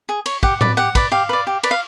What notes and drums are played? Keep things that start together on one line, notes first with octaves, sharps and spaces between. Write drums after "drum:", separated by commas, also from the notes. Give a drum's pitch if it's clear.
G#4
C#5, drum: cymbal
G4 F#5, drum: kick
B4 D5, drum: tom A2
G4 F#5
B4 D5, drum: kick, cymbal
G4 F5
B4 D5
G4
B4 D5, drum: cymbal
F5